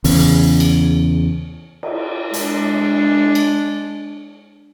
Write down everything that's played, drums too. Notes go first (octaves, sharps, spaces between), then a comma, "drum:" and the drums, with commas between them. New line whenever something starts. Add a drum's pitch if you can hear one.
E2 C#3, drum: open hi-hat
drum: cymbal
drum: cymbal
G#3 D4, drum: hi-hat
drum: cymbal